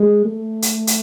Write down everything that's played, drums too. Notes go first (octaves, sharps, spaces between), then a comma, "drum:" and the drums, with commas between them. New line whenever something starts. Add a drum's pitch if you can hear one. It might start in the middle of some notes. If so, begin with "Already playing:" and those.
Already playing: G#3
A3
drum: hi-hat
drum: hi-hat